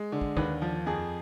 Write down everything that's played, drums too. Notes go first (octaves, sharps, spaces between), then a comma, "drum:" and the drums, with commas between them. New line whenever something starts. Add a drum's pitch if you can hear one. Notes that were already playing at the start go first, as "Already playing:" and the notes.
Already playing: G#3
D3
drum: kick
D#2 B4, drum: kick
F3
F2 G#4